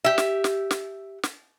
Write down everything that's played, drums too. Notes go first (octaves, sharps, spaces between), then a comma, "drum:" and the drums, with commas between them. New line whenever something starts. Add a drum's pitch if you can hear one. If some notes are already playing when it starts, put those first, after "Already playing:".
G4 E5
drum: snare
drum: snare
drum: snare
drum: snare